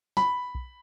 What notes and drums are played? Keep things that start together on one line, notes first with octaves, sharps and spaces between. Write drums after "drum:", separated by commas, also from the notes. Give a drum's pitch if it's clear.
B5, drum: snare
drum: kick B1